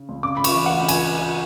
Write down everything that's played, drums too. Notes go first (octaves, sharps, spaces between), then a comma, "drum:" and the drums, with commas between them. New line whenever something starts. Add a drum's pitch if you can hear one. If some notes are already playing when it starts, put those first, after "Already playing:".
Already playing: C#3
C#2
C#3 D6
C#3 B5
C#6, drum: cymbal
E3
D2 F#5
C#3
G#5, drum: cymbal